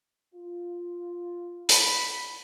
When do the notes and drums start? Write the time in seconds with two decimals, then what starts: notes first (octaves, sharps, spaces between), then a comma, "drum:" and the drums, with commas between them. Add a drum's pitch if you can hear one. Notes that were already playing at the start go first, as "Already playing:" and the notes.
0.34 F4
1.69 B5, drum: hi-hat